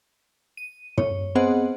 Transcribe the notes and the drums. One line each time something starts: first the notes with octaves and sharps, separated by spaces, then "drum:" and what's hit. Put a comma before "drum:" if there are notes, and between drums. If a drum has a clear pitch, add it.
D#7
C#5, drum: tom
B3 C4 G#4 C5 D#5 F#5